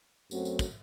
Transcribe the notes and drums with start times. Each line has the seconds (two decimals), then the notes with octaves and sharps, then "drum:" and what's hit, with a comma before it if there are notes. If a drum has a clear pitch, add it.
0.31 F#2 F#3 A3 C4 F#4, drum: tambourine
0.45 drum: tambourine
0.59 drum: kick, tambourine